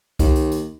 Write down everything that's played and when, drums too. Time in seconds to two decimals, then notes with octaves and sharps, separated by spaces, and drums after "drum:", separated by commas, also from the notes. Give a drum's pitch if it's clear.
0.19 D#2, drum: kick C2, hi-hat
0.36 drum: hi-hat
0.52 drum: hi-hat